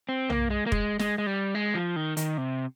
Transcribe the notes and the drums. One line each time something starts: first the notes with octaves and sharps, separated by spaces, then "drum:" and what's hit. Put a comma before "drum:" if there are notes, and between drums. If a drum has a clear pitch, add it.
C4
A#3, drum: tom
G#3
A#3
G#3, drum: kick
G#3, drum: snare
G#3
G3
G#3
F3
D#3
D#3, drum: hi-hat
C3